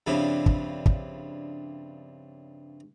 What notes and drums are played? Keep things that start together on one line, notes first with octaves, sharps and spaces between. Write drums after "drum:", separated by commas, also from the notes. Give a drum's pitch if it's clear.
G2 C#3 F3 C4 D4 E4
drum: kick
drum: kick